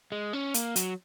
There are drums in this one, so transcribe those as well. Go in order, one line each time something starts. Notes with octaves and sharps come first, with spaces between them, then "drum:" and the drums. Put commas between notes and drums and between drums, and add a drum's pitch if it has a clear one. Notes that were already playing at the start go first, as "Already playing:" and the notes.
G#3
C#4
A#3, drum: hi-hat
F#3, drum: hi-hat